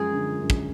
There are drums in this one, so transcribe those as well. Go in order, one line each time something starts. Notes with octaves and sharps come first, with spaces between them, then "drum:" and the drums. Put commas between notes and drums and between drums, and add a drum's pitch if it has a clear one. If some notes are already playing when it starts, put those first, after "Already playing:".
Already playing: F#2 F3 G#3 F4 G#4 A#4
D3
F#2
drum: kick